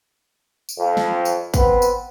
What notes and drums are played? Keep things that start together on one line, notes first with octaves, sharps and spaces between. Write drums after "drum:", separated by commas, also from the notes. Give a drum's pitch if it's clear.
drum: tambourine
F2
drum: snare
drum: tambourine
B3 C4 B4, drum: kick, tambourine
drum: tambourine